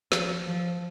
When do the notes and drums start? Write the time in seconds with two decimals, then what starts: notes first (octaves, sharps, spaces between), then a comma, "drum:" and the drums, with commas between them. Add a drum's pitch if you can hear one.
0.12 F3, drum: snare
0.47 F3